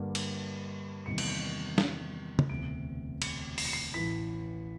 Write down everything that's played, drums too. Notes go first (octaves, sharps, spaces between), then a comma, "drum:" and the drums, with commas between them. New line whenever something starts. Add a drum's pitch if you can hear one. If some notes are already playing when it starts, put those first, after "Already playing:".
Already playing: G2 D3 G3 A#3
drum: cymbal
E2 C3 D#3 G3 A#3 C#7
D7, drum: cymbal
C#7
drum: snare
drum: tom
E1 D2 C3 D7
C#7, drum: cymbal
C7, drum: open hi-hat
C#7
C7
A1 A2 E3 B6